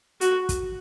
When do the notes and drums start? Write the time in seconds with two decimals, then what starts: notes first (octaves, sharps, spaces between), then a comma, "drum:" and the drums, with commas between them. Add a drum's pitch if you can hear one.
0.21 F#4, drum: hi-hat
0.49 drum: kick, hi-hat